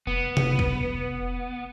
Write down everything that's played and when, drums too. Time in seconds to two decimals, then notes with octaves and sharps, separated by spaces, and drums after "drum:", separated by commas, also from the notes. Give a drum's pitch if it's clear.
0.07 F1 B3
0.37 drum: tom C3
0.59 drum: kick